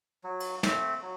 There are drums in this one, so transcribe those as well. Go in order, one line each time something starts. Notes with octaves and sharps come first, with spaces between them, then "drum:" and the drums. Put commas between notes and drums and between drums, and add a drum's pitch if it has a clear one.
F#3
drum: cymbal
A3 C4, drum: snare
F#3